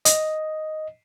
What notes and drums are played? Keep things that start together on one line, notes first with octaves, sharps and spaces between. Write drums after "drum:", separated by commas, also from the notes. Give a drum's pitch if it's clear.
D#5, drum: hi-hat